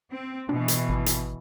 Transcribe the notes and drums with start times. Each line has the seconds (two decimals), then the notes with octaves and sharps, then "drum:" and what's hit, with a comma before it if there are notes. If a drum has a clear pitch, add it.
0.11 C4
0.49 B2 E3 D4
0.68 drum: hi-hat
0.89 G#1
1.06 drum: hi-hat